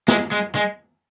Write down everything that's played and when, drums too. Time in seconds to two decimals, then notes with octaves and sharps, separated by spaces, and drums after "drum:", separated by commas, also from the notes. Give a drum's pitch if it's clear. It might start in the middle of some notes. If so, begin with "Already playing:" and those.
0.08 G#3, drum: snare
0.32 G#3
0.55 G#3